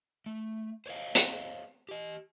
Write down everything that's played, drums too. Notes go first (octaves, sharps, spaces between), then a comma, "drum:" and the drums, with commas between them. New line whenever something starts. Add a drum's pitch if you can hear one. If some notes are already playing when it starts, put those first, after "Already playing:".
A3
C5 C#5 D#5 F5
drum: hi-hat
G4 D#5